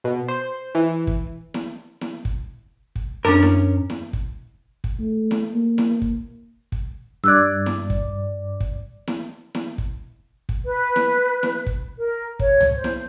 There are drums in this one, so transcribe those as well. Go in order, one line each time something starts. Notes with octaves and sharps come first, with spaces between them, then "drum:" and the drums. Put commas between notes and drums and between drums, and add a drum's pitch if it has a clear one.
B2
C5
E3
drum: kick
drum: snare E4
drum: snare E4
drum: kick
drum: kick
F#2 C#4 D4 A#4 A6
drum: snare E4
drum: snare E4
drum: kick
drum: kick
A3
drum: snare E4
A#3
drum: snare E4
drum: kick
drum: kick
G2 D5 E6 F#6 G#6
drum: snare E4
drum: kick
drum: kick
drum: snare E4
drum: snare E4
drum: kick
drum: kick
B4
drum: snare E4
drum: snare E4
drum: kick
A#4
C#5, drum: kick
drum: tom
C5
drum: snare E4